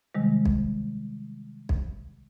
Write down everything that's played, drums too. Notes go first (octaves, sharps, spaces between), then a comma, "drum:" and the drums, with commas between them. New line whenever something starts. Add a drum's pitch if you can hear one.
C3 D#3 G3 G#3
drum: kick B1
drum: kick B1